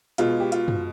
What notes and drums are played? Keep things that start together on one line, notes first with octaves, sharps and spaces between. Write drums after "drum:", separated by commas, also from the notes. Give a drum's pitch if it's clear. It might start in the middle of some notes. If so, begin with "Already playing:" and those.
B2 G#3 F4, drum: hi-hat
G4
F4, drum: hi-hat
drum: tom